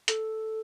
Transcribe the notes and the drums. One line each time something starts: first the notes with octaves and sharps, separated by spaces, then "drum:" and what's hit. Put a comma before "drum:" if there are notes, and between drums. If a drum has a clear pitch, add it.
A4, drum: hi-hat